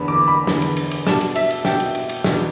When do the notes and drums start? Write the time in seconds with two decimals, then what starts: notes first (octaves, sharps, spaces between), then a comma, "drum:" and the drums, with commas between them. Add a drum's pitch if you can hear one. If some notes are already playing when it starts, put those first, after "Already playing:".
Already playing: E2 D3 B3 B5
0.08 D6
0.28 B5
0.47 E2 D3 B3, drum: snare
0.62 drum: cymbal
0.77 drum: cymbal
0.91 drum: cymbal
1.07 B2 G3 D4 A5, drum: snare
1.21 drum: cymbal
1.35 E5, drum: cymbal
1.50 drum: cymbal
1.65 B2 G3 D4 G5, drum: snare
1.80 drum: cymbal
1.95 drum: cymbal
2.09 drum: cymbal
2.24 E2 B2 B3 D4, drum: snare